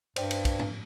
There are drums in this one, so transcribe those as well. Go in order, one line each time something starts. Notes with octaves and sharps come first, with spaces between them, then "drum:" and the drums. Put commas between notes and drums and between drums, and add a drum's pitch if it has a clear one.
G2 C5 D5 G5, drum: cymbal
drum: cymbal
drum: kick, cymbal
drum: tom G#2